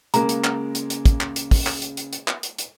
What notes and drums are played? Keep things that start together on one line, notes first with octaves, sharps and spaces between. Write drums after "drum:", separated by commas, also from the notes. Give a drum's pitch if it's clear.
C#3 G#3 A#3 A#5, drum: hi-hat
drum: hi-hat
drum: clap
drum: hi-hat
drum: hi-hat
drum: kick, hi-hat
drum: clap
drum: hi-hat
drum: kick, open hi-hat
drum: clap
drum: hi-hat
drum: hi-hat
drum: hi-hat
drum: clap
drum: hi-hat
drum: hi-hat